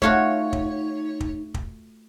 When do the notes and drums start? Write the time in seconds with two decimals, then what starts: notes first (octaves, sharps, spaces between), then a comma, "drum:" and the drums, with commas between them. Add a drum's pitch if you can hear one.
0.02 A3 D#4 F4 F#4 C#5, drum: kick
0.53 drum: kick
1.20 drum: kick
1.54 drum: kick